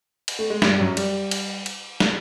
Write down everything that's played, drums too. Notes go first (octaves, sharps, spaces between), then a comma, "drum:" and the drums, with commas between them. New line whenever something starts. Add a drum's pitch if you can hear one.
drum: cymbal
A3
G#3
G2 G3, drum: snare
F#2 F#3
G3, drum: cymbal
drum: cymbal
drum: cymbal
drum: snare